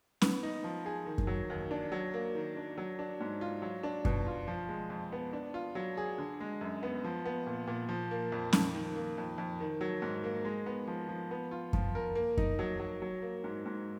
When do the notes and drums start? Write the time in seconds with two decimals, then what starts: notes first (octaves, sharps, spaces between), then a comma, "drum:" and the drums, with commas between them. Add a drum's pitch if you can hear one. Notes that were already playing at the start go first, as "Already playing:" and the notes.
0.22 B3, drum: snare C#4
0.43 D#4
0.64 F3
0.86 G#4
1.06 D#3
1.18 drum: kick F#2
1.27 F#3
1.50 D#2
1.71 D4
1.92 F#3
2.14 A#3
2.35 D#3
2.56 D4
2.78 F#3
2.99 D4
3.20 G#2
3.41 F4
3.62 F#3
3.83 D4
4.05 B2, drum: kick F#2
4.27 F4
4.48 F3
4.69 G#3
4.90 F2
5.12 B3
5.33 D4
5.54 F4
5.75 F#3
5.97 G#4
6.18 D3
6.40 G#3
6.61 F#2
6.83 B3
7.04 F3
7.25 B3
7.47 A#2
7.67 A#2
7.89 F3
8.11 A#3
8.32 F2
8.53 F2, drum: snare C#4
8.74 D#3
8.95 A#3
9.18 F2
9.38 F2
9.60 D#3
9.81 F#3
10.02 G#2
10.24 A#3
10.45 G#3
10.66 B3
10.87 F3
11.09 F3
11.31 B3
11.51 F4
11.73 F3, drum: kick F#2
11.95 A#4
12.15 A#3
12.37 D#4, drum: kick F#2
12.59 F#3
12.80 F#3
13.02 F#3
13.22 A#3
13.44 G#2
13.66 G#2